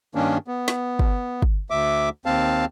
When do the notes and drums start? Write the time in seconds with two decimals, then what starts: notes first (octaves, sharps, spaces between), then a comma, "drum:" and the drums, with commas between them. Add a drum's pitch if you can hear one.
0.15 G2 D#3 A#3 C#4 D4
0.47 B3
0.68 drum: snare
0.99 drum: kick
1.42 drum: kick
1.70 D2 E5 D6
2.26 D#2 C4 F5 A5